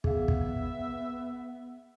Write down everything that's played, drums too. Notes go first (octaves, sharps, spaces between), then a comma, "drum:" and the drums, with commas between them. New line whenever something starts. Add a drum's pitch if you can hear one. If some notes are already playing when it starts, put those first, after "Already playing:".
B3 G#4 E5 F5, drum: kick
drum: kick